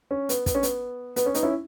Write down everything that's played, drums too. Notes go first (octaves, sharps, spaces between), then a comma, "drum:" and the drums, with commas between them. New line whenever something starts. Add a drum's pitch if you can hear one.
C#4
B3, drum: hi-hat
B3, drum: kick, hi-hat
C#4
B3, drum: hi-hat
B3, drum: hi-hat
C#4
B3 D#4, drum: hi-hat
C#4 E4